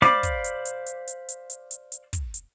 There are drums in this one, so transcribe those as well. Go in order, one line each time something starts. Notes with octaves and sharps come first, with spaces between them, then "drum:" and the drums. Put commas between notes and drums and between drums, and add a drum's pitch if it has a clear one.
C5 D5 F5 B5 D6, drum: snare
drum: kick, hi-hat
drum: hi-hat
drum: hi-hat
drum: hi-hat
drum: hi-hat
drum: hi-hat
drum: hi-hat
drum: hi-hat
drum: hi-hat
drum: kick, hi-hat
drum: hi-hat